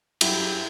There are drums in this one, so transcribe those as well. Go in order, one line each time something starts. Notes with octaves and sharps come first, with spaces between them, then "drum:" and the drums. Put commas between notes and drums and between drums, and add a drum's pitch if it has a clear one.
F#2 E4 G4, drum: cymbal